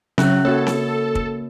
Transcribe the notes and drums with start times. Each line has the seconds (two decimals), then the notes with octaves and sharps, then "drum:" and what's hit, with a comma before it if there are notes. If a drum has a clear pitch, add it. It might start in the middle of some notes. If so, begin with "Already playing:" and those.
0.18 C#3 F#3 C#4 E5 F#6, drum: snare C4
0.45 A#3 F#4 A4 C#5
0.67 drum: snare C4
1.15 drum: kick